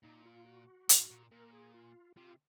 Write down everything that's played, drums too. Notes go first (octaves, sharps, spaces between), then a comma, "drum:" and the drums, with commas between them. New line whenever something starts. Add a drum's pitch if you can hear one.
A#2 D#4
F4
F#4
G#2, drum: hi-hat
A#2
A#2 A#4
G#4
F4
C3 F4